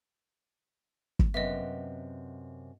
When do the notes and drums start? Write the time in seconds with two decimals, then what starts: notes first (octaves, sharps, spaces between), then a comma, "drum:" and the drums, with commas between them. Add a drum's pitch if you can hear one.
1.19 drum: kick
1.34 F#2 C3 B3 D#5 E5